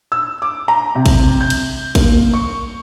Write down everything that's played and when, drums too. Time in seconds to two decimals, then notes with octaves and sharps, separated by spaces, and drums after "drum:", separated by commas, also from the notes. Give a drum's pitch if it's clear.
0.12 E6
0.42 D6
0.68 A#5
0.95 C3
1.06 drum: kick A1, cymbal
1.41 G6
1.50 drum: cymbal
1.95 A#3, drum: kick A1, cymbal
2.34 C#6